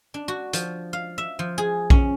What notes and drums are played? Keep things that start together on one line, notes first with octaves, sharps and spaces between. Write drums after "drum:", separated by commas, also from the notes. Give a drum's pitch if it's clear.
D4
F#4
F3, drum: hi-hat
F5
E5
F3
G#4
C#4, drum: kick A#1